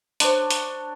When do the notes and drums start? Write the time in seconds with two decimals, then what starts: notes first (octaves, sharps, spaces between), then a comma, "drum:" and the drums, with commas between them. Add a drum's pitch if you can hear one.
0.20 D4 C5 C#5 C6, drum: hi-hat
0.51 drum: hi-hat